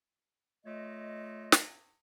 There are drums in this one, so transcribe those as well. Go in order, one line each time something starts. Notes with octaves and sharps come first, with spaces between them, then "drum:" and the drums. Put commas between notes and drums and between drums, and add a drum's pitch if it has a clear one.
A3 F4 C#5 D#5
drum: snare